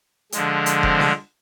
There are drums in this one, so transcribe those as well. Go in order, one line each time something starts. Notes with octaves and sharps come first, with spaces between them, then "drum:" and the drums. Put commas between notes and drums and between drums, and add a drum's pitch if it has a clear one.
D3 F3 G#3, drum: hi-hat
drum: hi-hat
C4, drum: kick F1
drum: snare